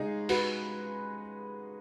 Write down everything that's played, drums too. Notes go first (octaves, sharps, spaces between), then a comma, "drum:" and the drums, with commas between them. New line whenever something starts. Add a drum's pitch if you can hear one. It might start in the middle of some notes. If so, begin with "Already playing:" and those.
Already playing: C#3 G#3 D#4 G#4
F#4 B4, drum: open hi-hat